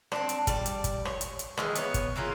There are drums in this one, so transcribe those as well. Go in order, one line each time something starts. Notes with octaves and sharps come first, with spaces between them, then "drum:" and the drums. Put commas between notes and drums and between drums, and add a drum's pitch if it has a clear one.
C4 D4, drum: rim click
drum: hi-hat
G3 D5, drum: kick G1, hi-hat
drum: hi-hat
drum: kick G1, hi-hat
C#5, drum: rim click
drum: hi-hat
drum: hi-hat
D#3 E3 G#3, drum: rim click
B3 C#5, drum: hi-hat
drum: kick G1, hi-hat
C#3 E3 A#3 F4